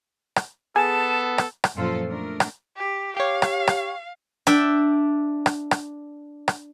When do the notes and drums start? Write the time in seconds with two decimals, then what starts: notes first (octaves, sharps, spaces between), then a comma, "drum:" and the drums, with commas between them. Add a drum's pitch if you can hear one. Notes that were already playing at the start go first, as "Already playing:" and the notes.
0.36 drum: rim click
0.76 B3 G#4 A4 A5
1.38 drum: rim click
1.64 drum: rim click
1.74 F#2 A#2 F3 F4 A4 C5
2.08 A3 D4 A#4
2.40 drum: rim click
2.77 G4
3.17 G4 C#5 F5
3.42 drum: rim click
3.68 drum: rim click
4.47 D4 E5 G5, drum: rim click
5.46 drum: rim click
5.71 drum: rim click
6.48 drum: rim click